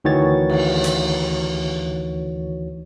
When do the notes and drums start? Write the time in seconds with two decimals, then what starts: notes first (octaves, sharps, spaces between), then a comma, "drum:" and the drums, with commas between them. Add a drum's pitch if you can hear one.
0.04 D2 D#3 E3 F#4 C#5 A6
0.50 drum: cymbal
0.84 drum: hi-hat